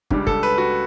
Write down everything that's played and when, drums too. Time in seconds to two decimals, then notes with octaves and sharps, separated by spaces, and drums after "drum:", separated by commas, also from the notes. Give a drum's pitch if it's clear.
0.11 C#2 C#3 G3 D4, drum: kick
0.27 A4, drum: kick
0.43 B4
0.58 F#4